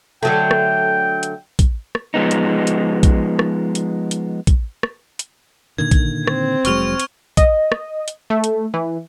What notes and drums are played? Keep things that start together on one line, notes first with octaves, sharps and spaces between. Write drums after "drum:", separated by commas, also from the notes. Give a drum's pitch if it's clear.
D3 F#3 A3 G5
drum: rim click
drum: hi-hat
drum: kick, hi-hat
drum: rim click
F3 G#3 B3 D#4
drum: hi-hat
drum: hi-hat
drum: kick, hi-hat
drum: rim click
drum: hi-hat
drum: hi-hat
drum: kick, hi-hat
drum: rim click
drum: hi-hat
A#2 D3 D#3 G#6
drum: kick, hi-hat
C4, drum: rim click
F1 F#3 G#3 C#6 F6 F7, drum: hi-hat
drum: hi-hat
D#5, drum: kick, hi-hat
drum: rim click
drum: hi-hat
A3
drum: hi-hat
E3